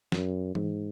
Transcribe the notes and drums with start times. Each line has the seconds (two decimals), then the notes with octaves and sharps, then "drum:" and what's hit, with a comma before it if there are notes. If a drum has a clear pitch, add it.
0.12 F#2, drum: snare
0.55 G#2, drum: tom E3